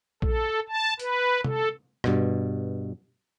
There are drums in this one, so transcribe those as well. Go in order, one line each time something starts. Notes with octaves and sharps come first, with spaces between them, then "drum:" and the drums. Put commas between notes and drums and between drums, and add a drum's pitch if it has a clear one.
A4, drum: kick
A5
B4, drum: hi-hat
A4, drum: tom C3
G2 B2, drum: rim click